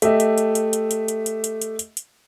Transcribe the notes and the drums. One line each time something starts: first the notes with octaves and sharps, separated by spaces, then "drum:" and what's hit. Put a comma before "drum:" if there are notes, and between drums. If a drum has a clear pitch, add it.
A3 G4 D#5 E5, drum: hi-hat
drum: hi-hat
drum: hi-hat
drum: hi-hat
drum: hi-hat
drum: hi-hat
drum: hi-hat
drum: hi-hat
drum: hi-hat
drum: hi-hat
drum: hi-hat
drum: hi-hat